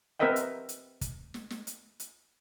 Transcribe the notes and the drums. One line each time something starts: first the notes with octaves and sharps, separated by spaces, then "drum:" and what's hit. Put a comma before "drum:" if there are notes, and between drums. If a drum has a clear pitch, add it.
C4 A#4 B4 D#5 E5 G5
drum: hi-hat
drum: hi-hat
drum: kick, hi-hat
drum: snare
drum: snare
drum: hi-hat
drum: hi-hat